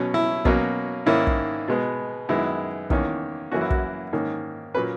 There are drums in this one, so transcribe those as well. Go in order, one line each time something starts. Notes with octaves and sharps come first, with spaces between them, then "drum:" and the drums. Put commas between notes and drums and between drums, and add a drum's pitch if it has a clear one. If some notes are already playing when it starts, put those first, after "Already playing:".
Already playing: B2 F#3 C#4
E4
B2 F#3 A#3 C#4, drum: kick
G#2 D#3 A#3 C#4 E4
drum: kick
B2 G#3 B3
F#2 D#3 G#3 B3 E4
E2 D#3 A#3 C#4, drum: kick
F#2 E3 A#3 C#4 F#4
E4
F#4, drum: kick
G#2 D#3 A#3 C#4
A#2 F#3 A#3 C#4 B4